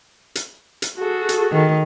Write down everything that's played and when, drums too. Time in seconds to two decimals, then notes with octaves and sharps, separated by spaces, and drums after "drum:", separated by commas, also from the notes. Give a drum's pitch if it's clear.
0.35 drum: hi-hat
0.82 drum: hi-hat
0.99 F#4 G#4 A4
1.29 drum: hi-hat
1.52 D#3